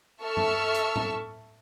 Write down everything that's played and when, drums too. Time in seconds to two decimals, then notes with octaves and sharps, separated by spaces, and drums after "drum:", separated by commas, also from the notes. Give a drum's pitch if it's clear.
0.21 A4 E5 A5 C#6 E6 F6
0.37 drum: tom G2
0.74 drum: hi-hat
0.96 drum: tom A2